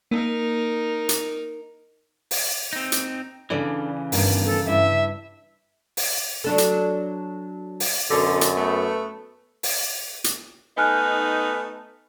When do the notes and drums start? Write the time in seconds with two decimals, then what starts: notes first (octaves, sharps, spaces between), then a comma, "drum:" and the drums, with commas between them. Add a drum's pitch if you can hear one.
0.11 A#3 D#4 A#4
1.09 drum: hi-hat
2.31 drum: open hi-hat
2.73 C4 D#4
2.92 drum: hi-hat
3.50 C#3 E3 D4 A4 D5
4.12 G2 B2 D#3, drum: open hi-hat
4.45 A4
4.66 G2 E4 E5
5.97 drum: open hi-hat
6.44 F#3 D4 A4
6.58 drum: hi-hat
7.80 drum: open hi-hat
8.11 F#2 B2 D3
8.41 drum: hi-hat
8.56 A3 B3
9.63 drum: open hi-hat
10.24 drum: hi-hat
10.78 A3 B3 D#4 G#5 F6 F#6